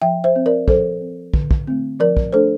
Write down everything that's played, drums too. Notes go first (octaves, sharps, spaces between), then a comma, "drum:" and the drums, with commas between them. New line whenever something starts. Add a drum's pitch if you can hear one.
F3 E5 G5
C5 E5
C4
A#4 D5
F3 A4 C5, drum: kick
C4
D3, drum: kick
drum: kick
A3 C4
F3 A#4 D5
drum: kick
A3 D4 A4 C5